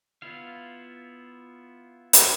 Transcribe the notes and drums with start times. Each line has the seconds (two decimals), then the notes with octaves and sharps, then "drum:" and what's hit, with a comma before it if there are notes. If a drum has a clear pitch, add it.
0.22 B3 E4 F4 F5
2.13 drum: hi-hat